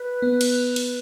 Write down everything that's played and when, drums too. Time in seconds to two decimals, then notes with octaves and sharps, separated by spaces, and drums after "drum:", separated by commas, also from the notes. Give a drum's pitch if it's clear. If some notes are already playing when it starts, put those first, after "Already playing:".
Already playing: B4
0.22 B3
0.41 drum: cymbal
0.76 drum: cymbal